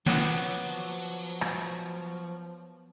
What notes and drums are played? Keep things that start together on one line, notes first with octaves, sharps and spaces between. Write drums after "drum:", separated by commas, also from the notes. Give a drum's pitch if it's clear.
F3 F#3 B3 C#5 D6 D#6, drum: snare
drum: rim click